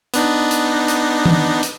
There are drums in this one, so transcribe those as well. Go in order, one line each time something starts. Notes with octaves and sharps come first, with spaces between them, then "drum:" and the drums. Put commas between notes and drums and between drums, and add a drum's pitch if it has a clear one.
B3 D4 D#4, drum: hi-hat
drum: hi-hat
drum: hi-hat
drum: tom E3
drum: hi-hat